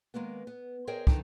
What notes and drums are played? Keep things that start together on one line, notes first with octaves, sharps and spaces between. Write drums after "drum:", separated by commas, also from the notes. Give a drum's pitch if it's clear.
D#3 F3 G#3 A#3 B3
B3
G#4 A#4 C5 C#5 D#5 G5
E2 D3 D#3 D#4 G5 A5, drum: kick